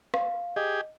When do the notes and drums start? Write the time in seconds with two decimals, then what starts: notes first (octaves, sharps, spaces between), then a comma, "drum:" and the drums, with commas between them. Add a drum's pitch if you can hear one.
0.14 F5, drum: rim click
0.56 G4 G#4 D#5